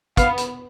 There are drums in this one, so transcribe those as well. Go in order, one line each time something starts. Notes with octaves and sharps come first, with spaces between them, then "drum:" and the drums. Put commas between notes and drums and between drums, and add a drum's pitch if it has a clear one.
B3 F5, drum: kick, hi-hat
drum: hi-hat